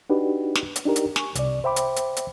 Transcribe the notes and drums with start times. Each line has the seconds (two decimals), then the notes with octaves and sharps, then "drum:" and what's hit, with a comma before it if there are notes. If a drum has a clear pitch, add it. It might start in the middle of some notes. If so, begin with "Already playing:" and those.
0.10 D4 D#4 F#4 G4 B4
0.55 drum: snare
0.76 drum: hi-hat
0.85 D4 D#4 G4 A#4
0.96 drum: hi-hat
1.16 G#5 C#6, drum: snare
1.35 C2 C3 D5, drum: hi-hat
1.64 C5 E5 G5 B5 D6
1.76 drum: hi-hat
1.96 drum: hi-hat
2.17 drum: hi-hat